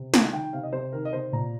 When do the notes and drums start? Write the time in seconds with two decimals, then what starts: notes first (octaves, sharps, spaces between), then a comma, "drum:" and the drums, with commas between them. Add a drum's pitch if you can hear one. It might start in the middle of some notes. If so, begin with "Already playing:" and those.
Already playing: C3
0.14 D#3 A#5, drum: snare
0.33 D#3 G5
0.53 C3 F5
0.63 D#5
0.73 C3 C5
0.92 D#3 A#4
1.05 D#5
1.13 C3 C5
1.32 A#2 A#5